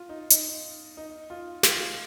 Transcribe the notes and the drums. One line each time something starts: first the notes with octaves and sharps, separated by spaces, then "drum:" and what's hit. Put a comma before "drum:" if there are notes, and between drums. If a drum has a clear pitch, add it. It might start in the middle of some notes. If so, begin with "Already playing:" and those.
Already playing: F4
D#4
D#4, drum: hi-hat
D#4
F4
F4, drum: snare